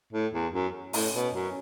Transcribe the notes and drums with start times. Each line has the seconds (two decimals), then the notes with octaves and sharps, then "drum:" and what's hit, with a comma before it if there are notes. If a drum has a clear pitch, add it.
0.12 A2
0.33 E2
0.53 F#2
0.73 C#4
0.93 A2, drum: open hi-hat
1.14 B2
1.34 F#2